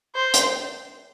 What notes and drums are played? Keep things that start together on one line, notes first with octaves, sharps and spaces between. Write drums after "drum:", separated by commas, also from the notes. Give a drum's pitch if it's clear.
C5
drum: hi-hat